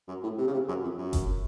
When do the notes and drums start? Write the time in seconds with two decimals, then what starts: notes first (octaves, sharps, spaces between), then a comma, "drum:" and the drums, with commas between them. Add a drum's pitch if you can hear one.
0.08 F#2
0.23 A2
0.38 C3
0.47 C#3
0.53 C3
0.68 F#2
0.83 F2
0.98 F#2
1.13 drum: kick F#1, hi-hat